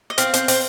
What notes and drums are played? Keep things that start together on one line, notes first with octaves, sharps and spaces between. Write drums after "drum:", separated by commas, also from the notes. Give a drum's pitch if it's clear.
D#5
C4 F5, drum: hi-hat
C4, drum: hi-hat
C4, drum: open hi-hat